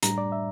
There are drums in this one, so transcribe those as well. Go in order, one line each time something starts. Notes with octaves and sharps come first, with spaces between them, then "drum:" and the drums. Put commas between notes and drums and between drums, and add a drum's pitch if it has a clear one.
A2 G3 D4 A#5, drum: hi-hat
D5
E5